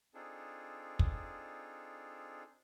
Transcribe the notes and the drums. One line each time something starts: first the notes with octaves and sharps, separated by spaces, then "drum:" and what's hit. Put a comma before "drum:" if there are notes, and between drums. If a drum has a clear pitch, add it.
C4 D4 D#4 F4 G#4 A4
drum: kick